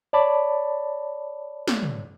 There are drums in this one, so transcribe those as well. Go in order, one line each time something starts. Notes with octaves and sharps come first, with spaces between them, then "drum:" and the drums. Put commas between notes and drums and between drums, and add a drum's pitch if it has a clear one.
C#5 D5 A5 B5 D6
drum: snare
drum: tom